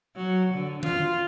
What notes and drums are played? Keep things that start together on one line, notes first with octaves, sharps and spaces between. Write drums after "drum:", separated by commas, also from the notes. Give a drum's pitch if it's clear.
F#3
D3
F4, drum: tom D3